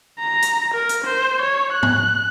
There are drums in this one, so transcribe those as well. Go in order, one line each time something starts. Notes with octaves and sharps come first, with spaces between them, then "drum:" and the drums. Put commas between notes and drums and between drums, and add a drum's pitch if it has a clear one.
A#5
drum: hi-hat
A#4
drum: hi-hat
C5
C#5
F#6
drum: tom G#2